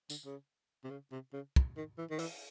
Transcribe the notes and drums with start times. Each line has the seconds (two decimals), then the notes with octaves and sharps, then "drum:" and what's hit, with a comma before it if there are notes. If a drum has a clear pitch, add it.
0.10 D3, drum: tambourine
0.25 C#3
0.84 C3
0.90 C#3
1.12 C3
1.33 C#3
1.56 drum: kick
1.77 D#3
1.98 E3
2.10 D#3
2.19 E3, drum: open hi-hat